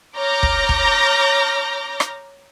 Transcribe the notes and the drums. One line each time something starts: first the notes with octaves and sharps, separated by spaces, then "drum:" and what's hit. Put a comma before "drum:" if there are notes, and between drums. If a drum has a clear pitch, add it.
C#5 A#5 D6 F6 G6 A#6
drum: kick
drum: kick
drum: rim click